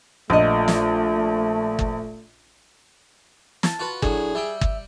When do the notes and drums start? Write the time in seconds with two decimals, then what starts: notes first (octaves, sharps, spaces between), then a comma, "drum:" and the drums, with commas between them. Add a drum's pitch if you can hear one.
0.30 A#1 A3 F4 D#5
0.68 drum: snare
1.79 drum: kick G1
3.63 A5, drum: snare
3.79 F4 F#4 B4
4.02 A2 F#3 D4 G#4, drum: kick G1
4.35 G3 E5 G5
4.61 drum: kick G1